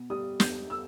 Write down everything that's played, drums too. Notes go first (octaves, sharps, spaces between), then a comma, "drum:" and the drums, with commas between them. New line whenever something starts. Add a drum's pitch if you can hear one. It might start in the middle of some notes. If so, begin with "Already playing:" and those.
Already playing: B2
G3 D#6
E2 G6, drum: snare
E6